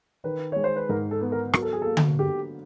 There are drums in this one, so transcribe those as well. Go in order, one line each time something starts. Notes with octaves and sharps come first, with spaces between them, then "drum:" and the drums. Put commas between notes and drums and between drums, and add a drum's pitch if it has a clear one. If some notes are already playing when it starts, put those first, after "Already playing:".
D#3 B4
G#3 C#5
C5
B4
G#2 A#4
A4
B3
A#4
F#3 A#4, drum: rim click
A4
G#4
A#3 A4
drum: tom D3
D3 G4